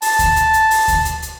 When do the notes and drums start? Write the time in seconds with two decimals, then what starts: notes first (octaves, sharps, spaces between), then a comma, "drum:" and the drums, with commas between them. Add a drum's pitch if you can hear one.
0.02 A5, drum: open hi-hat
0.19 drum: kick D2, hi-hat
0.36 drum: hi-hat
0.53 drum: hi-hat
0.71 drum: open hi-hat
0.88 drum: kick D2, hi-hat
1.05 drum: hi-hat
1.22 drum: hi-hat